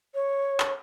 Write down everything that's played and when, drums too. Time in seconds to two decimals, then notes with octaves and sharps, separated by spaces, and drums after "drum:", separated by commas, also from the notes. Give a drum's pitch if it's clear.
0.15 C#5
0.60 drum: clap